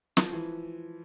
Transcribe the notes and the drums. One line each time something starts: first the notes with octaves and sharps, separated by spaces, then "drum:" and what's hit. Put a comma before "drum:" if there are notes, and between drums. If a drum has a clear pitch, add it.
F3, drum: snare
E3